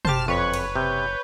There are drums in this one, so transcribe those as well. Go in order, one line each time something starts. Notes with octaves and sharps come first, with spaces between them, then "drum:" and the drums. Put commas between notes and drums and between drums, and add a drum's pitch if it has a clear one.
F#1 G4 C5 A5 F6, drum: tom
F2 B4 C#5 C#6
drum: cymbal
C3 G6